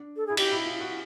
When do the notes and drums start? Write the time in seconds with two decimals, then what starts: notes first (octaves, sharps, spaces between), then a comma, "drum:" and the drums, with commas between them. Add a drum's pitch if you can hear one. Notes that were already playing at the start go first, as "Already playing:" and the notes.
Already playing: D4
0.16 A4
0.27 E4 G#4
0.37 D#4 G4, drum: cymbal
0.52 E4
0.65 F4
0.80 F#4